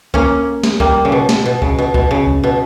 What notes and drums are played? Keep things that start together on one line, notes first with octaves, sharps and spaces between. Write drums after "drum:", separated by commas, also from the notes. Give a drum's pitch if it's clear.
A#3 C#4, drum: kick C2
drum: snare
G3 A#3, drum: kick C2
C#3
B2
drum: snare
B2
C#3, drum: kick C2
B2
B2, drum: kick C2
C#3
drum: kick C2
B2